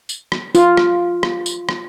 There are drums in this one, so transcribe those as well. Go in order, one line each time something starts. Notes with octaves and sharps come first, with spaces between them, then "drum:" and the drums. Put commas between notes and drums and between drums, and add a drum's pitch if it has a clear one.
drum: tambourine
drum: rim click
F4, drum: tambourine
drum: rim click
drum: rim click
drum: tambourine
drum: rim click